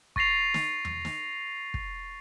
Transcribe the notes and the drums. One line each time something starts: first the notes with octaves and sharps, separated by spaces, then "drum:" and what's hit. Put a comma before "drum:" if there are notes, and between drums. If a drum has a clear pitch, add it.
C#6 A6 A#6 C7 F7, drum: kick
drum: snare
drum: tom E2
drum: snare
drum: kick